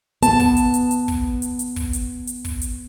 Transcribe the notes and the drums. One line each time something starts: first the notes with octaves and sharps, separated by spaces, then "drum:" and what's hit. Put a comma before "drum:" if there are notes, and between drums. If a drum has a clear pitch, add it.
B3 A5, drum: hi-hat
drum: kick, open hi-hat
drum: hi-hat
drum: hi-hat
drum: hi-hat
drum: kick, open hi-hat
drum: hi-hat
drum: hi-hat
drum: kick, open hi-hat
drum: hi-hat
drum: hi-hat
drum: kick, open hi-hat
drum: hi-hat